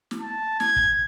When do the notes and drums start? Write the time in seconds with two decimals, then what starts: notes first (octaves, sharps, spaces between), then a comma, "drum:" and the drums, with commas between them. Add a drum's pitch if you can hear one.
0.11 drum: snare
0.21 A5
0.60 G#6, drum: snare
0.76 drum: kick